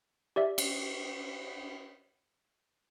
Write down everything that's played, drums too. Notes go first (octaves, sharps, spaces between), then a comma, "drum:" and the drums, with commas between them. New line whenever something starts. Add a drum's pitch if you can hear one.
G4 D5 E5
drum: cymbal